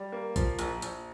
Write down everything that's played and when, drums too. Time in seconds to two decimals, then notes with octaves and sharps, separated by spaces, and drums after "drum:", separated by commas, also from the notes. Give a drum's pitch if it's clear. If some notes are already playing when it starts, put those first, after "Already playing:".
Already playing: G3
0.12 A#3
0.36 F3, drum: kick A#1, hi-hat
0.59 A#1, drum: hi-hat
0.82 A#1, drum: hi-hat